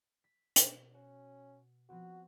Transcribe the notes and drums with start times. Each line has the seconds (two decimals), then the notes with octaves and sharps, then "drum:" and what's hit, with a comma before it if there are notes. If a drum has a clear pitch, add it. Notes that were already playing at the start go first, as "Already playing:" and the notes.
0.24 B6
0.56 B2, drum: hi-hat
0.95 C#4 F#4
1.90 F3 B3 C4 F#4